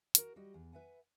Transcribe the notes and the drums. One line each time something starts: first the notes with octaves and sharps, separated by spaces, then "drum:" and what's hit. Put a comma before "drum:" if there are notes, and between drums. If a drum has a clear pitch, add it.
F#4 A#4, drum: hi-hat
G3 F#4 D#5
E2
B4 E5 F#5 G#5